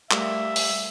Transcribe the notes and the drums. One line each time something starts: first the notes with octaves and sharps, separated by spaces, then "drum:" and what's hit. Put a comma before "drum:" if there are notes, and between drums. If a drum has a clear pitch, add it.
G3 A3 A#3 E5, drum: clap
drum: open hi-hat